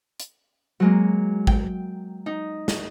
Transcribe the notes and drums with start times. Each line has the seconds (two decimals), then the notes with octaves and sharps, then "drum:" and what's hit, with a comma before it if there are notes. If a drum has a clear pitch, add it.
0.20 drum: hi-hat
0.80 F#3 G#3 A#3
1.47 G5, drum: kick G#1
2.26 D#4
2.68 drum: snare